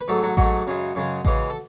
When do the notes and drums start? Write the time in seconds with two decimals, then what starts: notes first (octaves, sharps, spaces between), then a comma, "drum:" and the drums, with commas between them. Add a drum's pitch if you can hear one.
0.01 B4
0.08 G#2 F#3 A3 A4
0.23 F#3 F#4
0.37 G#2 F#3 A3 F#4, drum: kick A1
0.67 F#2 C#3 G#3
0.95 F#2 C#3 G#3
1.25 C#3 E3 G#3, drum: kick A1
1.50 A4